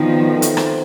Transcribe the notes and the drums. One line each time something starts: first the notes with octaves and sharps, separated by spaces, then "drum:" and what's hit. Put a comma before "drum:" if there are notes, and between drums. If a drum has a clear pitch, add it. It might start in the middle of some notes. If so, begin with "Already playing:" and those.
Already playing: B2 D#3 F3 G3 C4
A3
drum: hi-hat
drum: rim click